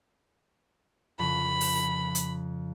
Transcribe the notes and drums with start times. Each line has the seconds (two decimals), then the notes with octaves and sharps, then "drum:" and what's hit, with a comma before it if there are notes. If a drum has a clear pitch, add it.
1.19 F2 C#3 B5
1.61 drum: open hi-hat
2.15 drum: hi-hat